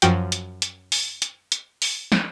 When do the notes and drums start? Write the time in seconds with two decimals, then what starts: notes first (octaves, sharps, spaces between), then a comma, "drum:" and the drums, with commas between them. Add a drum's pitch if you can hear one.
0.02 F#2 F3 F#4 G5, drum: hi-hat
0.32 drum: hi-hat
0.62 drum: hi-hat
0.92 drum: open hi-hat
1.22 drum: hi-hat
1.52 drum: hi-hat
1.82 drum: open hi-hat
2.12 drum: snare